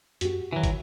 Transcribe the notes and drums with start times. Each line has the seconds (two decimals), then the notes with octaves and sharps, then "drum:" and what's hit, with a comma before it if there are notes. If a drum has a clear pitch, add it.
0.21 F#2 F#4 G4, drum: hi-hat
0.53 D#3 E3 F#3
0.64 drum: kick, hi-hat